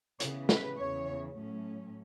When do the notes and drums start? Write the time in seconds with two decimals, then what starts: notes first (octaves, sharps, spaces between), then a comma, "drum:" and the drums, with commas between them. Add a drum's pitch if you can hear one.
0.20 C#3 E3 B3 C#5, drum: hi-hat
0.49 B4, drum: snare
0.77 E2 C#3 E3 C#5
1.34 A2 F#3 A3 C#4